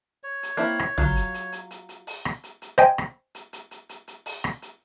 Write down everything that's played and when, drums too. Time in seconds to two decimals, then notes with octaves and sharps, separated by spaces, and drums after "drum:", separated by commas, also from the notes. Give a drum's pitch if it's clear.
0.23 C#5
0.43 drum: hi-hat
0.57 A#3 C4 E4
0.79 drum: rim click
0.98 F#3 F4, drum: tom
1.16 drum: hi-hat
1.34 drum: hi-hat
1.52 drum: hi-hat
1.71 drum: hi-hat
1.89 drum: hi-hat
2.07 drum: open hi-hat
2.25 drum: rim click
2.43 drum: hi-hat
2.62 drum: hi-hat
2.78 C5 D#5 G5 G#5, drum: rim click
2.98 drum: rim click
3.35 drum: hi-hat
3.53 drum: hi-hat
3.71 drum: hi-hat
3.89 drum: hi-hat
4.08 drum: hi-hat
4.26 drum: open hi-hat
4.44 drum: rim click
4.62 drum: hi-hat